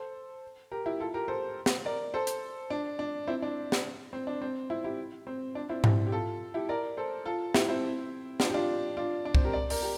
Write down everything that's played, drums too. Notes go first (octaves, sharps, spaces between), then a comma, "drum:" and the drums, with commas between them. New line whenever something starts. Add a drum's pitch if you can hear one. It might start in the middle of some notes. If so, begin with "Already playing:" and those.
Already playing: A4 C5
G4 A#4
E4 G4
F4 A4
G4 A#4
A4 C5
drum: snare
A#4 D5
A4 C5
drum: hi-hat
D4
D4
C4 E4
D4
drum: snare
C4
D4
C4
C4 E4
E4 G4
C4
D4
C4 E4
E4 G4, drum: tom G#2
G4
F4 A4
E4 G4
A#4 D5
A4 C5
F4 A4
E4 G4, drum: snare
C4 E4
D4 F4, drum: snare
G4
D4 F4
D4 F4
D4
C4, drum: kick C2
G4 A#4
D5
A#4 D5, drum: open hi-hat
G4 A#4